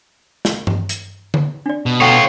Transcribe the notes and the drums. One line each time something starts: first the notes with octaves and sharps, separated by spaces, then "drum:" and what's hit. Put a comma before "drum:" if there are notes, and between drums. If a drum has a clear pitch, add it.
drum: snare
drum: tom G2
drum: hi-hat
drum: tom D3
D4 D5
B2
F4 A4 C#5 F#5 G5